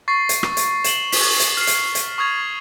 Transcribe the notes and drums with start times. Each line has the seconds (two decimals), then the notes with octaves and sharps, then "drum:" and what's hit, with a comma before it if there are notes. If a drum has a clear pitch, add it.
0.08 C#6 A6 C7
0.29 drum: hi-hat
0.43 drum: rim click
0.57 drum: hi-hat
0.84 E7 F#7 G7, drum: hi-hat
1.12 B6, drum: open hi-hat
1.40 drum: hi-hat
1.57 F6 C7
1.67 drum: hi-hat
1.95 drum: hi-hat
2.18 C#6 D#6 F6 G#6 A6 F7